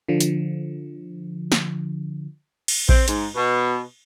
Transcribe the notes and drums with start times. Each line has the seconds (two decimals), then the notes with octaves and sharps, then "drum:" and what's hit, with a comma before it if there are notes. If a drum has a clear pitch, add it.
0.09 D3 F3
0.20 drum: hi-hat
1.52 drum: snare
2.68 drum: cymbal
2.89 C4, drum: kick A#1
3.08 G#2, drum: hi-hat
3.35 B2